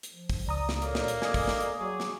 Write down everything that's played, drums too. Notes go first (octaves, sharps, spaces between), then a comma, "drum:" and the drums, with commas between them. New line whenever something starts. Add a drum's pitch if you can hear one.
drum: hi-hat
F3
drum: kick, open hi-hat
C#2 D5 A#5 D#6
drum: snare
A#2 A#3 A4 C#5, drum: hi-hat
drum: snare
drum: hi-hat
A4 D#5 G#5 D6 D#6, drum: snare
drum: kick, open hi-hat
drum: snare
drum: hi-hat
F#3 G#4 C#6 D6
drum: snare